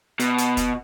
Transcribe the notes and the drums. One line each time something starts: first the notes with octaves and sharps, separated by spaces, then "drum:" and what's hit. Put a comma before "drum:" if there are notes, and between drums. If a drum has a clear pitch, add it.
B2, drum: hi-hat
drum: hi-hat
drum: kick, hi-hat